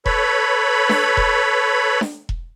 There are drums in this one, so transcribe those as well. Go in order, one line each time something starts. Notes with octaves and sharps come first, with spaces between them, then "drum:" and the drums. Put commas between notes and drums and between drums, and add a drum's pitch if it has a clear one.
A4 B4 C#5 B5, drum: kick E1
drum: snare D4
drum: kick E1
drum: snare D4
drum: kick E1